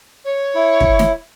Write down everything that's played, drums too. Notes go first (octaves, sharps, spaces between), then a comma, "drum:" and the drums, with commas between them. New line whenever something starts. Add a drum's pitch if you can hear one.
C#5
E4
drum: kick
drum: snare